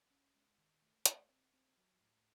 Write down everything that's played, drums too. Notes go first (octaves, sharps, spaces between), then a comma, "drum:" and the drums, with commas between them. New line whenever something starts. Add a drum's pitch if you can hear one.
C#4
G#3
D#3
A3
A3, drum: hi-hat
C4
C4
F#3
A2